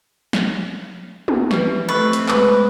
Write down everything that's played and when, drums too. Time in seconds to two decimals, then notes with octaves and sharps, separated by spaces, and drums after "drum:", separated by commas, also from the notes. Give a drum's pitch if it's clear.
0.33 drum: snare
1.28 drum: tom
1.51 E3 G4 B4 D5, drum: snare
1.89 A3 C4 B4 D#5 C#6 E6
2.13 drum: hi-hat
2.28 G#3 B3, drum: clap